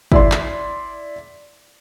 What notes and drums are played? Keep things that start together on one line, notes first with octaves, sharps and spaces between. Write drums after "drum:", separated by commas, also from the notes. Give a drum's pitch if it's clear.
E4 D5 C6, drum: kick
drum: clap